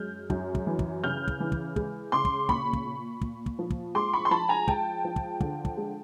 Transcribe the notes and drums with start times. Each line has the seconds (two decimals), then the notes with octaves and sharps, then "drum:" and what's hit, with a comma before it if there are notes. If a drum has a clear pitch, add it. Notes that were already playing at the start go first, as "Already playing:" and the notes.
Already playing: F#2 G#3 F6 G6
0.30 F#2, drum: kick
0.55 drum: kick
0.67 E3
0.79 drum: kick
1.04 C#3 F6 G6
1.28 drum: kick
1.40 E3
1.52 drum: kick
1.76 G#3, drum: kick
2.12 C#3 C6 D6
2.25 drum: kick
2.49 A#2 B5 C#6, drum: kick
2.73 drum: kick
2.85 A#2
3.21 A#2, drum: kick
3.46 drum: kick
3.59 F3
3.70 drum: kick
3.95 G#3 C6 D6
4.13 B5 C#6
4.25 C6
4.31 F3 A5 B5
4.49 G#5 A#5
4.68 G#3 G5 A5, drum: kick
5.04 F3
5.16 drum: kick
5.40 D3, drum: kick
5.65 drum: kick
5.77 G#3